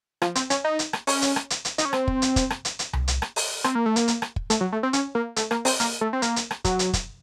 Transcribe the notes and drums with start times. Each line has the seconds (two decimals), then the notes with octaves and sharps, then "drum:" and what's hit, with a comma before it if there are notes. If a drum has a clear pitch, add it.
0.22 F3, drum: rim click
0.35 C4, drum: hi-hat
0.50 C#4, drum: hi-hat
0.64 D#4
0.79 drum: hi-hat
0.93 drum: rim click
1.07 C#4, drum: open hi-hat
1.22 drum: hi-hat
1.36 drum: rim click
1.50 drum: hi-hat
1.65 drum: hi-hat
1.78 D#4, drum: hi-hat
1.85 C#4
1.93 C4, drum: rim click
2.08 drum: kick
2.22 drum: hi-hat
2.36 drum: kick, hi-hat
2.50 drum: rim click
2.65 drum: hi-hat
2.79 drum: hi-hat
2.93 drum: tom C2
3.08 drum: hi-hat
3.22 drum: rim click
3.36 drum: open hi-hat
3.64 C4, drum: rim click
3.75 A#3
3.86 A3
3.96 A#3, drum: hi-hat
4.08 drum: hi-hat
4.22 drum: rim click
4.36 drum: kick
4.50 A3, drum: hi-hat
4.61 F#3
4.72 A3
4.83 C4
4.93 C#4, drum: hi-hat
5.15 A#3
5.36 A3, drum: hi-hat
5.51 A#3, drum: rim click
5.65 C4, drum: open hi-hat
5.80 A#3, drum: hi-hat
6.01 A3
6.13 C4
6.22 A#3, drum: hi-hat
6.36 drum: hi-hat
6.51 drum: rim click
6.65 F#3, drum: kick, hi-hat
6.79 drum: hi-hat
6.93 drum: kick, hi-hat